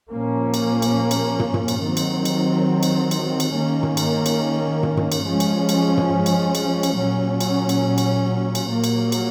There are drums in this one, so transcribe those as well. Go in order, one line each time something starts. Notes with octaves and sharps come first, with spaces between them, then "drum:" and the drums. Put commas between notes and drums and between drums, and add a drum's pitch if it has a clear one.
A#2 F3 A#3 C#4
drum: cymbal
drum: cymbal
drum: cymbal
drum: tom
drum: tom
drum: cymbal
D#3 F#3 C4
drum: cymbal
drum: cymbal
drum: cymbal
drum: cymbal
drum: cymbal
D#3 A#3 C#4
drum: tom
drum: cymbal
drum: cymbal
drum: tom
drum: tom
drum: cymbal
F3 G#3 C#4
drum: cymbal
drum: cymbal
drum: tom
drum: cymbal
drum: cymbal
drum: cymbal
A#2 F#3 C#4
drum: cymbal
drum: cymbal
drum: cymbal
drum: cymbal
A#2 F#3 A#3
drum: cymbal
drum: cymbal